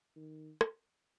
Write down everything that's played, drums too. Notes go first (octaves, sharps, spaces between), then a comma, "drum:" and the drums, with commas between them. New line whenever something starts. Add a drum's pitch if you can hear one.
D#3
drum: rim click